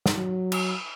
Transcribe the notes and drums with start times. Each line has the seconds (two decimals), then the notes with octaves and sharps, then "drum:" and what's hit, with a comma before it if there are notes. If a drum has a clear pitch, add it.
0.06 drum: snare
0.16 F#3
0.52 drum: cymbal